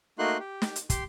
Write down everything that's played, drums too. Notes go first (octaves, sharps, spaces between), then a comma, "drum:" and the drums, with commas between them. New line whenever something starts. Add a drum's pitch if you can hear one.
A3 A#3 D#4 F#4 C6 F#6
G4
drum: snare
drum: hi-hat
G4 C6, drum: kick, hi-hat